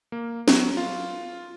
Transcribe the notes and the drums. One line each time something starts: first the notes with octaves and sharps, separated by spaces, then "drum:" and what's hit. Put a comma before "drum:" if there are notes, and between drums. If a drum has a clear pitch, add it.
A#3
F#3, drum: snare
F4